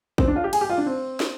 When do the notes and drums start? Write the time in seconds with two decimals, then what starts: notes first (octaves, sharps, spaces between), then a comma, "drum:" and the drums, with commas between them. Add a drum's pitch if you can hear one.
0.18 C4, drum: kick
0.28 D4
0.36 F4
0.44 G4
0.53 G#4, drum: cymbal
0.61 G4
0.70 F4
0.78 D4
0.86 C4
1.20 drum: snare